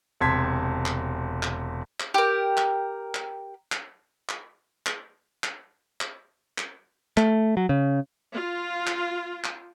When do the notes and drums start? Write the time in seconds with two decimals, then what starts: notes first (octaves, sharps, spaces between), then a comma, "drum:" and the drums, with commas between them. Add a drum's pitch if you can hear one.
0.20 E1 C3 A5 C6 G#6 B6
0.86 drum: clap
1.43 drum: clap
2.00 drum: clap
2.14 G4 A#4
2.57 drum: clap
3.15 drum: clap
3.72 drum: clap
4.29 drum: clap
4.86 drum: clap
5.43 drum: clap
6.01 drum: clap
6.58 drum: clap
7.17 A3, drum: clap
7.57 F#3
7.69 C#3
8.34 F4
8.87 drum: clap
9.44 drum: clap